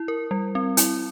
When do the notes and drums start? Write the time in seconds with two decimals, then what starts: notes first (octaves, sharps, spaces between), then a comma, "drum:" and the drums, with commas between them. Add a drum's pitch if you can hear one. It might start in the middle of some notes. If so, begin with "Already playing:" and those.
Already playing: E4
0.08 A#4
0.31 G3
0.55 C4
0.77 E4, drum: hi-hat